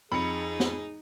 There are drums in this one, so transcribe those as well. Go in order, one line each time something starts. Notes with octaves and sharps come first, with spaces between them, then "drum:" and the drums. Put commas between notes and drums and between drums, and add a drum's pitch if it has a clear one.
F2 D#4 G#4 B5 C#7
drum: snare